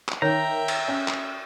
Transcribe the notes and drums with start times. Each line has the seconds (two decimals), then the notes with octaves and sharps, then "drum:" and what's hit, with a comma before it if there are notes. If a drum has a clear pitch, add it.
0.09 drum: clap
0.22 D#3 C#5 E5 G5 A#5
0.68 drum: cymbal
0.88 C#4
1.08 drum: clap